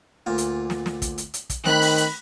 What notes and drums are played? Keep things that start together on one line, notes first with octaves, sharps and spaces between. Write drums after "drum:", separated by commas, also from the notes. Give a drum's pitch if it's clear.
D2 A#2 F4
drum: hi-hat
drum: snare
drum: snare
drum: kick, hi-hat
drum: hi-hat
drum: hi-hat
drum: kick, hi-hat
D#3 A3 C4 B5 F#6, drum: snare
drum: open hi-hat
drum: hi-hat